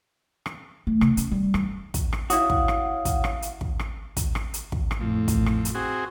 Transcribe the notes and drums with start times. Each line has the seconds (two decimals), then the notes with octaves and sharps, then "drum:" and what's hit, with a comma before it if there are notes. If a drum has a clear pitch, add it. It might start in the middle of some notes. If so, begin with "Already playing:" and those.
0.46 drum: rim click
0.87 A3
1.01 C3, drum: rim click
1.17 C#4, drum: hi-hat
1.31 G3
1.54 G2, drum: rim click
1.94 drum: kick, hi-hat
2.13 drum: rim click
2.30 E4 F#4 C#5 F5 F#5 D#6, drum: hi-hat
2.50 drum: kick
2.68 drum: rim click
3.05 drum: kick, hi-hat
3.24 drum: rim click
3.42 drum: hi-hat
3.61 drum: kick
3.79 drum: rim click
4.17 drum: kick, hi-hat
4.35 drum: rim click
4.54 drum: hi-hat
4.72 drum: kick
4.91 drum: rim click
5.01 F2 A2
5.28 drum: kick, hi-hat
5.46 drum: rim click
5.65 drum: hi-hat
5.75 C4 F#4 G#4